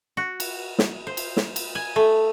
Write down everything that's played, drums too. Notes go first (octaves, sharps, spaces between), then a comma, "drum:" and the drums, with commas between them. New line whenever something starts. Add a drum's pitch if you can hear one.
F#4
drum: cymbal
drum: snare
C5
drum: cymbal
drum: snare
drum: cymbal
G#5
A3